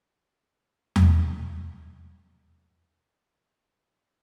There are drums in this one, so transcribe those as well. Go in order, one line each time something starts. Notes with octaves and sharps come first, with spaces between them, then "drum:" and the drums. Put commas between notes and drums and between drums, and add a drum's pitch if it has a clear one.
F#5
drum: tom E2
B6 E7
G#4 F5
E3 D#4 F#4 C#6 G#6 D#7